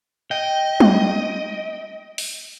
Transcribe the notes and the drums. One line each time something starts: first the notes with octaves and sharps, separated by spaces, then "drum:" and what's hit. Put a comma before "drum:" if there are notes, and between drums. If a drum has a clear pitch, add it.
D#5 G5
drum: tom F#3
drum: open hi-hat